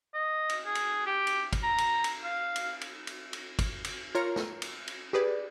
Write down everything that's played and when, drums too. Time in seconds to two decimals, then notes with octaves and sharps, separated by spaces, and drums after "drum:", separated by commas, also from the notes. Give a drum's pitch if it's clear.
0.14 D#5
0.49 drum: cymbal
0.66 G#4
0.75 drum: cymbal
1.06 G4
1.27 drum: cymbal
1.53 drum: kick, cymbal
1.63 A#5
1.78 drum: cymbal
2.04 drum: cymbal
2.24 F5
2.56 drum: cymbal
2.81 drum: cymbal
3.07 drum: cymbal
3.33 drum: cymbal
3.59 drum: kick, cymbal
3.84 drum: cymbal
4.15 F4 A#4 C#5 A#5 F6 C#7
4.36 drum: snare
4.62 drum: cymbal
4.88 drum: cymbal
5.13 G4 G#4 B4 D5